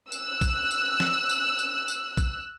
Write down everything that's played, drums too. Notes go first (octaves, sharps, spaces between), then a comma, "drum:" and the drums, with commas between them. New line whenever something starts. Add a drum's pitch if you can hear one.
E6 F#6, drum: tambourine
drum: kick A#1, tambourine
drum: tambourine
drum: snare
drum: tambourine
drum: tambourine
drum: tambourine
drum: kick A#1, tambourine